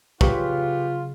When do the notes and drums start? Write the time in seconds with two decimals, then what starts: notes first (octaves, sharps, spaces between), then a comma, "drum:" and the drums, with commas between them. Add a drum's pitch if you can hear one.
0.21 C#3 F#3 F4 G4 B4 C#6, drum: kick